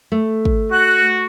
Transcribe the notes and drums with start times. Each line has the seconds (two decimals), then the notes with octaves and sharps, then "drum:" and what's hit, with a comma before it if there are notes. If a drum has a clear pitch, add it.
0.12 A3
0.45 drum: kick
0.72 F#4 F#6